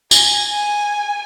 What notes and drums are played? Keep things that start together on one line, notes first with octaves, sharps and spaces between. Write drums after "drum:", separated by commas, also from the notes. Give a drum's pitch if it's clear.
G#5, drum: tambourine
G#5